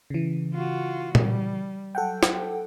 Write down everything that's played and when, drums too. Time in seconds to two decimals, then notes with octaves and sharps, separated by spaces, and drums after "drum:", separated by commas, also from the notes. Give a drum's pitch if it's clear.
0.10 C#3 E3
0.54 F4 F#4
1.15 G3, drum: tom A#2
1.95 F#3 A4 F#5 G5
2.23 drum: snare